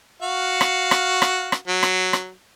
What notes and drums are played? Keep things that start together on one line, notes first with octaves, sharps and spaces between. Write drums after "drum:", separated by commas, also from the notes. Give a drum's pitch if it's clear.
F#4 F5
drum: rim click
drum: rim click
drum: rim click
drum: rim click
F#3
drum: rim click
drum: rim click